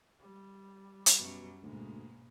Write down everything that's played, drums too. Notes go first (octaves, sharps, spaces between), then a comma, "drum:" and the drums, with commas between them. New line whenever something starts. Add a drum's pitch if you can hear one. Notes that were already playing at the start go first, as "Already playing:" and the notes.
G3
drum: hi-hat
F#2 B2 F#3
D2 G#2 B2 G#3 A#3